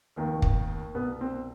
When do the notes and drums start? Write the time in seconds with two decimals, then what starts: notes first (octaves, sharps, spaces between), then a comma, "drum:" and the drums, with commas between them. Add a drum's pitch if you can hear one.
0.16 F1 D#2 D#3
0.42 drum: kick
0.94 C2 B2 B3
1.21 C4